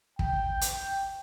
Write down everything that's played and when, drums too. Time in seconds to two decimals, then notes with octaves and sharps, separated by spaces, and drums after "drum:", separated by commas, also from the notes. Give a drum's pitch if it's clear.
0.19 G5, drum: kick
0.61 drum: hi-hat